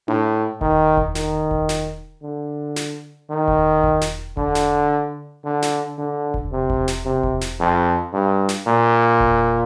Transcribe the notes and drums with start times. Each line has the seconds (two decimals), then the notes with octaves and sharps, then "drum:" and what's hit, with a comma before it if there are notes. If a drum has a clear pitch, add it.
0.08 A2, drum: tom D4
0.61 D#3, drum: kick E1
0.97 drum: kick E1
1.15 D#3, drum: snare
1.51 drum: kick E1
1.69 drum: snare
2.23 D3
2.76 drum: snare
3.30 D#3
3.48 drum: kick E1
3.84 drum: kick E1
4.01 drum: snare
4.37 D3, drum: kick E1
4.55 drum: snare
5.45 D3
5.62 drum: snare
5.98 D3
6.34 drum: kick E1
6.52 C3
6.70 drum: kick E1
6.88 drum: snare
7.05 C3
7.23 drum: kick E1
7.41 drum: snare
7.59 F2
8.13 G2
8.49 drum: snare
8.67 A#2
9.20 drum: kick E1